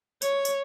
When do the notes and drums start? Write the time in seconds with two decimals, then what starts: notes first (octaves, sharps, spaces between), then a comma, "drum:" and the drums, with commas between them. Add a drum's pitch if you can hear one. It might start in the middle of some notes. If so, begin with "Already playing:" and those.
0.22 C#5, drum: tambourine
0.45 drum: tambourine